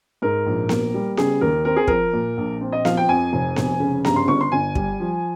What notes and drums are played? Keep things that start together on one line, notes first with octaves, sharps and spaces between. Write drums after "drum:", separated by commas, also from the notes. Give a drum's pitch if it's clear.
G#2 A#4
A#1
A#3, drum: snare B3
G3
C#3 G#4, drum: snare B3
D#2 A#4
C4 A#4
G#4
F3 A#4, drum: kick
A#2
A#1
C4
D#5
F3 F5, drum: snare B3
G5
F2 G#5
F1
F1, drum: snare B3
C#3
G2 A#5, drum: snare B3
C6
G1 C#6
C6
G1 G#5
G3, drum: kick
F3